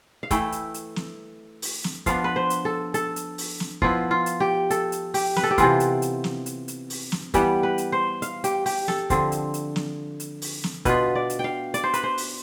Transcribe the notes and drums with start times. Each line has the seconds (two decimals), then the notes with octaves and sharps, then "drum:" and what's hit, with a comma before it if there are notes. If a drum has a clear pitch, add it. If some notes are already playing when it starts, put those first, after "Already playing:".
0.23 F5
0.31 E3 A3 E4 G5, drum: kick, hi-hat
0.52 drum: hi-hat
0.74 drum: hi-hat
0.96 drum: snare
1.62 drum: open hi-hat
1.84 drum: snare
2.06 F3 B3 D4 F5, drum: kick, hi-hat
2.24 B4
2.36 C5
2.50 drum: hi-hat
2.65 A4
2.94 A4, drum: hi-hat
3.16 drum: hi-hat
3.38 drum: open hi-hat
3.60 drum: snare
3.82 F3 B3 E4 F4, drum: kick
4.11 F4
4.26 drum: hi-hat
4.40 G4
4.70 A4, drum: hi-hat
4.92 drum: hi-hat
5.14 G4, drum: open hi-hat
5.36 B4, drum: snare
5.43 A4
5.51 G4
5.58 C3 E3 B3 F4, drum: kick, hi-hat
5.80 drum: hi-hat
6.02 drum: hi-hat
6.24 drum: snare
6.46 drum: hi-hat
6.68 drum: hi-hat
6.90 drum: open hi-hat
7.12 drum: snare
7.34 E3 G3 B3 G4, drum: kick, hi-hat
7.63 B4
7.78 drum: hi-hat
7.92 C5
8.22 F5, drum: hi-hat
8.44 G4, drum: hi-hat
8.66 G4, drum: open hi-hat
8.88 A4, drum: snare
9.10 D3 F3 C4, drum: kick, hi-hat
9.32 drum: hi-hat
9.54 drum: hi-hat
9.76 drum: snare
10.20 drum: hi-hat
10.42 drum: open hi-hat
10.64 drum: snare
10.85 B2 B3 D4 F4 B4, drum: kick, hi-hat
11.15 D5
11.30 drum: hi-hat
11.39 G5
11.44 F5
11.74 D5, drum: hi-hat
11.84 C5
11.94 B4, drum: hi-hat
12.03 C5
12.18 drum: open hi-hat